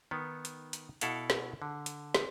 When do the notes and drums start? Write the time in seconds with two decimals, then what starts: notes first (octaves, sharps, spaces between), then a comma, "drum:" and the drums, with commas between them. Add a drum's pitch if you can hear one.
0.11 D#3 B3
0.45 drum: hi-hat
0.73 drum: hi-hat
1.01 B2 E4 A4 F5 F#5, drum: hi-hat
1.30 drum: snare
1.62 D3
1.86 drum: hi-hat
2.15 drum: snare